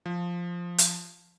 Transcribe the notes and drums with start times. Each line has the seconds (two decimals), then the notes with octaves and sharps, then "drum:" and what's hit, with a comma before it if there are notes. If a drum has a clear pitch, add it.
0.06 F3
0.78 drum: hi-hat